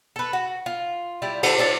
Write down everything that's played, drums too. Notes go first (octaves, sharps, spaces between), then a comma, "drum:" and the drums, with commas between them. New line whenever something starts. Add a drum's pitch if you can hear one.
A4 B4
F#4
F4
G3 E4 F4
D#3 G3 F#4 A4, drum: cymbal
D4 E4 A4 C#5